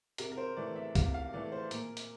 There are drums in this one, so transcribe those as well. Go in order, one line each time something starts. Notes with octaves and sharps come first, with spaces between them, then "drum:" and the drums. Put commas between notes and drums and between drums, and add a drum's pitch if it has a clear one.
C3 A#4, drum: hi-hat
A#4
C5
E3 A3 D5
E5
C3 F5, drum: kick C2, hi-hat
F5
E3 A3 D5
C5
A#2 A#4, drum: hi-hat
drum: hi-hat